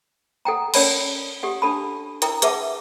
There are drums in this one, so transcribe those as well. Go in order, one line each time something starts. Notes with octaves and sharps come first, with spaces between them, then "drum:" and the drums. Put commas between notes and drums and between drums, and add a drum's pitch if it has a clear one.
A4 F#5 G5 A#5
C#4 A#4 C#5 D5 A5 B5, drum: cymbal
G4 A4 F#5
D4 A4 A5 B5
E4 A#4 G5 A#5 D#6, drum: hi-hat
G#4 B4 E5 F#5 A5 D6, drum: hi-hat